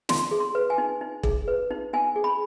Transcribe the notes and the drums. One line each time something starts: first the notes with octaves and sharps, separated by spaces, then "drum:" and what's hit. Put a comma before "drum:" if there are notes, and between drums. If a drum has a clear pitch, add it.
D#4 C6, drum: snare
G#4
C6
B4
G#5
D#4
D#4
G#4, drum: kick E1
B4
D#4
D#4 G#5
G#4
B5